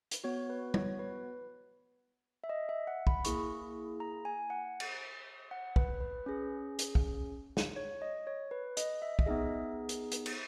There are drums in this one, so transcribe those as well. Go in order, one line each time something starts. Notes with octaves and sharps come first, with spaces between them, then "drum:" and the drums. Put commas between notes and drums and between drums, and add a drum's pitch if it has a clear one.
drum: hi-hat
B3 F#4 C#5
B4
C#5, drum: tom G3
B4
E5
D#5
E5
F#5
B5, drum: kick
A#3 E4 G#4 C#6, drum: hi-hat
A#5
G#5
F#5
drum: cymbal
F#5
B4, drum: kick
B4
C#4 G#4
drum: hi-hat
drum: kick
drum: snare
C#5
D#5
C#5
B4
D#5, drum: hi-hat
E5
D#5, drum: kick
B3 D#4 G#4 E5
drum: hi-hat
drum: hi-hat
drum: cymbal